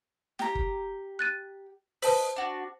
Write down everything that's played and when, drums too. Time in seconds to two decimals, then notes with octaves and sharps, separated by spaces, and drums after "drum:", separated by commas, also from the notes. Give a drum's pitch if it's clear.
0.39 G4 A#5, drum: snare
0.55 drum: kick
1.19 F#6 A6 D#7
2.02 B4 C5 D#5 A5, drum: open hi-hat
2.36 D4 F#4